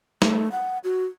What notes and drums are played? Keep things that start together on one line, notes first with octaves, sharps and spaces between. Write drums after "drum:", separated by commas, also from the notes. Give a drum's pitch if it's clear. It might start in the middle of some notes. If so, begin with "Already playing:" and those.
A3, drum: snare
F#5
F#4